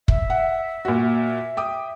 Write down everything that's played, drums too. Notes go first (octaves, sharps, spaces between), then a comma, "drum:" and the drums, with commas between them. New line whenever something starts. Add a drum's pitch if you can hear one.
E5, drum: kick
F#5
A#2 F#4
G5 D6 D#6